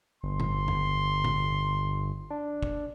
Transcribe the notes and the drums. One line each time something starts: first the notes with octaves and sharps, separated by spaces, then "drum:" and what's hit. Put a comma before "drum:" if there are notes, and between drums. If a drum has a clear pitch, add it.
G1 C6
drum: tom A2
drum: tom F2
drum: tom A2
D4
drum: kick